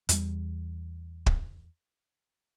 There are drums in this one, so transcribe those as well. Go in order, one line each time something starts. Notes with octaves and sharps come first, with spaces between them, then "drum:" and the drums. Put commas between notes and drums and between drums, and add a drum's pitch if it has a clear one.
E2 G3, drum: hi-hat
drum: kick